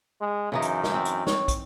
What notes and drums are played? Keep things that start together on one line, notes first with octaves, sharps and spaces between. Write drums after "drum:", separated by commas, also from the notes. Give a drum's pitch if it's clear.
G#3
F#2 C#3 E3 D#4
drum: hi-hat
drum: snare
C4
drum: hi-hat
C#5, drum: snare
drum: kick, hi-hat